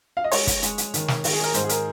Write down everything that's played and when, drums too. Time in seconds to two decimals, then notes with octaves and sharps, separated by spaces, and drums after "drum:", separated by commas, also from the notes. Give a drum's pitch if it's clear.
0.17 F5
0.24 D#5
0.31 G#3 C#5, drum: open hi-hat
0.47 drum: kick, hi-hat
0.63 G#3, drum: hi-hat
0.78 drum: hi-hat
0.94 D#3, drum: hi-hat
1.08 drum: snare
1.24 D#3, drum: open hi-hat
1.33 G#4
1.44 A#4
1.54 G#2 C5, drum: hi-hat
1.64 G#4
1.69 A#4, drum: hi-hat